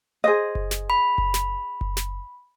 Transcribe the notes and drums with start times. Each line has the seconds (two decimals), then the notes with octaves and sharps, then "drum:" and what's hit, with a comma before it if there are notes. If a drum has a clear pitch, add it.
0.24 G#4 C5 D#5
0.55 drum: kick F#1
0.71 drum: snare
0.90 B5
1.18 drum: kick F#1
1.34 drum: snare
1.81 drum: kick F#1
1.97 drum: snare